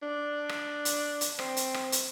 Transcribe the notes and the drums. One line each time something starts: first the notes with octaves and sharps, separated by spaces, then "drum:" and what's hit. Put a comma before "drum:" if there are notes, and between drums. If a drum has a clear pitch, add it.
D4
drum: rim click
drum: hi-hat
drum: hi-hat
C4, drum: rim click
drum: hi-hat
drum: rim click
drum: hi-hat